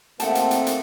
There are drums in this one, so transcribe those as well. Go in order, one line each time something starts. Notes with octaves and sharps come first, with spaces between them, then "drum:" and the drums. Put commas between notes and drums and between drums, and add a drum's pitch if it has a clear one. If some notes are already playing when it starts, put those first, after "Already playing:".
A3 A#3 C4 F#5 G5 A5, drum: hi-hat
drum: hi-hat
drum: hi-hat
drum: hi-hat